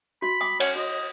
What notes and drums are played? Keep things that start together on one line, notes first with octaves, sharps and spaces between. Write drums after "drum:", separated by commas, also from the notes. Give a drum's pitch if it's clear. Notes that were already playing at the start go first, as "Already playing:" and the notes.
F#4 B5
G5 D6 D#6
C#4 C#5 F#5, drum: cymbal
F#4 D#5